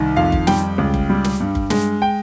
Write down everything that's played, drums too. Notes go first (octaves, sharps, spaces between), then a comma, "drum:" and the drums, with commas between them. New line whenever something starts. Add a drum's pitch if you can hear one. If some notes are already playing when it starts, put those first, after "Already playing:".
Already playing: C2 D#3
F2 F5
drum: kick F#1
G3 G5, drum: snare
C#2
drum: kick F#1
G3
drum: snare
G2
drum: kick F#1
G#3, drum: snare
G5